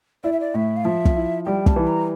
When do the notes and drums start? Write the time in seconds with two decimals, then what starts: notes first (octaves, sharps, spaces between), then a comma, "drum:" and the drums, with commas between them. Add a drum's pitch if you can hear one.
0.24 E4 D5
0.33 E5
0.40 D5
0.54 A2 E5
0.77 F5
0.85 F3 E5
1.05 drum: kick
1.16 E4
1.46 G3 G5
1.66 A5, drum: kick
1.76 E3
1.87 A#5